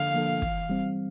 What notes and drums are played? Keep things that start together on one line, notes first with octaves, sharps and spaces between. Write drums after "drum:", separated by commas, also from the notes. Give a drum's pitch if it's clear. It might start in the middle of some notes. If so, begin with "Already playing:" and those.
Already playing: D3 F3 A#3 D4 A4 F5
F3 A#3 D4 A4
E3, drum: kick
G3 C4